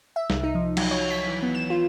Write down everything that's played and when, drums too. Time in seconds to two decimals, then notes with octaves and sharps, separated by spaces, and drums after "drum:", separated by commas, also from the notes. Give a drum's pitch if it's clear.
0.16 E5
0.30 C2, drum: snare
0.43 D#4
0.55 F3
0.77 F#3, drum: cymbal
0.91 C#5
1.10 B6
1.27 E3
1.43 B3
1.55 E7
1.70 F4